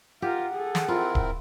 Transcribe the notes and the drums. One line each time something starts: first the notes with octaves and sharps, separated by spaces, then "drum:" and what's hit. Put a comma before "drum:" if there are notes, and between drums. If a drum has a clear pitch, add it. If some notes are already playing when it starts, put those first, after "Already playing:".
F4 G4 A#4 F#5
G#4 A4
drum: snare
C4 E4 F4 A#4
drum: kick D1